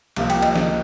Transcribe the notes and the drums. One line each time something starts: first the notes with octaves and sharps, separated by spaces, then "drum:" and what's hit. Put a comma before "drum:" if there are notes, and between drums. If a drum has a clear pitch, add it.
C2 C3 F3 A#3, drum: cymbal
G5, drum: cymbal
D#5, drum: cymbal
D#5, drum: snare